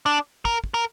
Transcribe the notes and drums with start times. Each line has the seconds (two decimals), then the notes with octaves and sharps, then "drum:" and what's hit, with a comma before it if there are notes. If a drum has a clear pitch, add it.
0.06 D4
0.45 A#4, drum: kick
0.64 drum: kick
0.74 A#4